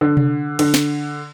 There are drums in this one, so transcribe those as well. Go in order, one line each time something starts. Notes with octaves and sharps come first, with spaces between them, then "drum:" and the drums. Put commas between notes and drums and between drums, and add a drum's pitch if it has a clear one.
D3
drum: tom C3
D3, drum: cymbal
drum: snare